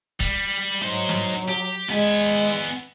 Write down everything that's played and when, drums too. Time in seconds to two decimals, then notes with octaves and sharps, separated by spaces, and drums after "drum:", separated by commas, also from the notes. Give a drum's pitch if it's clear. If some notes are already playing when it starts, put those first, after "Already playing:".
0.20 G3, drum: kick
0.82 F#3 D#4 C5
1.09 drum: snare
1.48 G4, drum: hi-hat
1.89 G#3 B3 G#5, drum: hi-hat